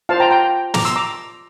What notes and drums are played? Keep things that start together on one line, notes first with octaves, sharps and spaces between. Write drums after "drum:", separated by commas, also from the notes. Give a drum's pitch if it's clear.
F4 C5 F5 A5
G5 A#5
G5 A#5
A#5 D6, drum: snare
C6 E6
A#5 D6